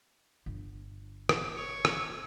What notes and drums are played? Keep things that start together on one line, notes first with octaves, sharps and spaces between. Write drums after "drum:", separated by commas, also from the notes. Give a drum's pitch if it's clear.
G1
drum: rim click
C#5
drum: rim click